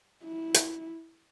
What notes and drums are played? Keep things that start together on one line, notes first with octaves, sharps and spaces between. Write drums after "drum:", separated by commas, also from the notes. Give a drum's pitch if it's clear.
E4
drum: hi-hat